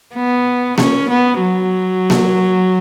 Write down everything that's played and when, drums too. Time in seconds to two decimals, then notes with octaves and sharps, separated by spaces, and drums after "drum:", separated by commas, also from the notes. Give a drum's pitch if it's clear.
0.15 B3
0.78 C#4, drum: snare A#3
1.09 B3
1.41 F#3
2.10 drum: snare A#3